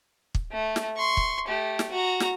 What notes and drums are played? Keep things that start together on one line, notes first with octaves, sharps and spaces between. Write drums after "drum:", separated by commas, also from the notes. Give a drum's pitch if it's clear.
drum: kick
A3
drum: snare
C6 C#6
drum: kick
A3 G4
drum: snare
F#4 A#5
drum: snare